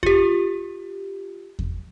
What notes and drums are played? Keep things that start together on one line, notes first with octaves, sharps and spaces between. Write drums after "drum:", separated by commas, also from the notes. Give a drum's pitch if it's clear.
F4 G4, drum: kick E2
drum: kick E2